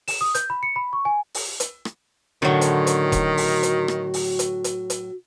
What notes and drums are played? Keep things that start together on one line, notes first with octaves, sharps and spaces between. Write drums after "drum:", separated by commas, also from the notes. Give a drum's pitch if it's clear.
E7, drum: open hi-hat
D#6
G6, drum: hi-hat
B5
C#7
B5
C#6
G#5
drum: open hi-hat
drum: hi-hat
drum: rim click
A2 D3 D#3 F#3 F#4 C#5
drum: hi-hat
drum: hi-hat
drum: kick E1, hi-hat
drum: open hi-hat
drum: hi-hat
drum: rim click
drum: open hi-hat
drum: hi-hat
drum: hi-hat
drum: hi-hat